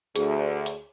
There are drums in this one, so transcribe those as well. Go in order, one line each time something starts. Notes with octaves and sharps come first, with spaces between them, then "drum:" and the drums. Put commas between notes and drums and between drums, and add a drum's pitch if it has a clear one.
D2 G#4, drum: hi-hat
drum: hi-hat